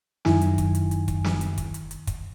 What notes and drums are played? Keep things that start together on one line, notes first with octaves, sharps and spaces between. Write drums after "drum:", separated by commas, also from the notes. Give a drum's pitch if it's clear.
F#2 D#3 E4 G#5, drum: snare
drum: hi-hat
drum: kick, hi-hat
drum: hi-hat
drum: hi-hat
drum: kick, hi-hat
drum: snare
drum: hi-hat
drum: kick, hi-hat
drum: hi-hat
drum: hi-hat
drum: kick, hi-hat